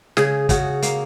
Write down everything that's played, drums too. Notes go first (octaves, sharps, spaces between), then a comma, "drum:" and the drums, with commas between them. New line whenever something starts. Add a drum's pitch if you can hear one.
C#3 G#4, drum: snare
C#3 F#4, drum: kick, hi-hat
A#3, drum: hi-hat